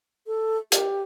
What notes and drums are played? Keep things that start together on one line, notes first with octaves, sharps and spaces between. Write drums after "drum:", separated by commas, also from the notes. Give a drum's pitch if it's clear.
A4
G4, drum: hi-hat